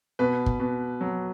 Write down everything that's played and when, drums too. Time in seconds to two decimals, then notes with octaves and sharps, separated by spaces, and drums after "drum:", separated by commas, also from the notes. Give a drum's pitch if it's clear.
0.19 B2 B4
0.46 drum: kick G1
0.59 B2
1.01 F#3